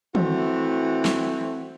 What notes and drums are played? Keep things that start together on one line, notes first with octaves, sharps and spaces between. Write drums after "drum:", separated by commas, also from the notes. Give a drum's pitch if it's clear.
E3 A3 C4 F#4, drum: tom
drum: snare